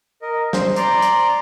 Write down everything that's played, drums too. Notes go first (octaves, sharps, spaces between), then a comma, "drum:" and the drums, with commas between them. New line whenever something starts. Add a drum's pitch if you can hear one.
A#4 D#5
C5, drum: snare
D5 A#5 C6 D6, drum: hi-hat
drum: hi-hat